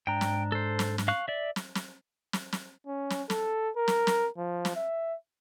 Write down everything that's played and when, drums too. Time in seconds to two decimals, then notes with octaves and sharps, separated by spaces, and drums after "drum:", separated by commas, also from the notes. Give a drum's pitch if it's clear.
0.07 G#2 D4 G5 A#5
0.21 drum: snare
0.52 A4 C5
0.79 drum: snare
0.98 drum: snare
1.08 F5 C#6 F#6
1.28 D5 E5
1.56 drum: snare
1.75 drum: snare
2.33 drum: snare
2.53 drum: snare
2.87 C#4
3.10 drum: snare
3.30 A4, drum: snare
3.77 A#4
3.88 drum: snare
4.07 drum: snare
4.38 F3
4.65 drum: snare
4.76 E5